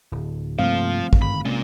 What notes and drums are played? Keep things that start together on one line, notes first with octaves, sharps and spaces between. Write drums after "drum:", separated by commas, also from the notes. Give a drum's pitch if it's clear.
D1
G2 C3 F3 A3 A#3 C4 F5
drum: kick
G1 G#2 D#3 B5
C3 G#3 A#3 C#4 F4